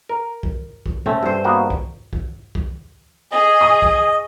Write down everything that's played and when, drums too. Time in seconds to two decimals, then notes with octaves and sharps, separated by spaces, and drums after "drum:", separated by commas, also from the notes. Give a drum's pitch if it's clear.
0.09 A#4
0.43 drum: kick
0.86 drum: kick
1.06 A3 C4 C#4
1.23 G2 C5
1.44 A#3 B3 F#4
1.70 drum: kick
2.13 drum: kick
2.55 drum: kick
3.32 G#4 D#5
3.61 C#6 D#6
3.82 drum: kick